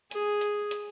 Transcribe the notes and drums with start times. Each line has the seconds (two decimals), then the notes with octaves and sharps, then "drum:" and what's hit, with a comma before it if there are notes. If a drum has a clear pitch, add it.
0.11 G#4, drum: hi-hat
0.41 drum: hi-hat
0.71 drum: hi-hat